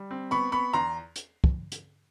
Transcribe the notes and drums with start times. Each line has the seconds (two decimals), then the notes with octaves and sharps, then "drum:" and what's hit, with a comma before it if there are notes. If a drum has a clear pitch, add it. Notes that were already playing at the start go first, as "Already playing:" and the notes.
Already playing: G3
0.11 C4
0.31 B3 B5 C#6
0.52 B3 B5 C#6
0.73 E2 A#5 C6
1.16 drum: hi-hat
1.44 drum: kick
1.72 drum: hi-hat